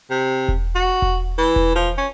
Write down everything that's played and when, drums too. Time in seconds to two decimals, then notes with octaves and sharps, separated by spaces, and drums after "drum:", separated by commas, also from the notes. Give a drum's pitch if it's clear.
0.10 C3
0.48 drum: kick E1
0.75 F#4
1.02 drum: kick E1
1.38 E3
1.56 drum: kick E1
1.75 F3
1.98 C#4